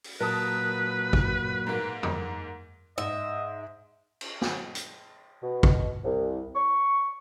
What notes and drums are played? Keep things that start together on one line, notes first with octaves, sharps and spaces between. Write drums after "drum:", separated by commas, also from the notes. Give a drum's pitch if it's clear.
drum: open hi-hat
A#2 F#3 A#4 B4 A5 D#6
drum: kick G#1
G#2 A#3
drum: tom
G#2 D#5 E5
drum: cymbal
drum: snare
drum: hi-hat
B2
drum: kick G#1
C2
C#6